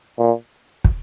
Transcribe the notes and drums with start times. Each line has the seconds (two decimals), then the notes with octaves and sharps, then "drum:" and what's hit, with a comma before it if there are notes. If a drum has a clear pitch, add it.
0.18 A#2
0.84 drum: kick